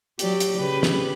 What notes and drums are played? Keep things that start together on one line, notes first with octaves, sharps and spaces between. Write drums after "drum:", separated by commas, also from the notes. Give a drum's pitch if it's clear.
F#3 G4 D5, drum: hi-hat
drum: hi-hat
C#3 G4 B4
drum: snare